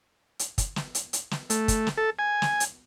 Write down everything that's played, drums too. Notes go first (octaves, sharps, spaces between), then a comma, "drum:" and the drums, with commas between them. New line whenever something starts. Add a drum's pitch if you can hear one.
drum: hi-hat
drum: kick, hi-hat
drum: snare
drum: hi-hat
drum: hi-hat
drum: snare
A3, drum: hi-hat
drum: kick, hi-hat
drum: snare
A4
G#5
drum: snare
drum: hi-hat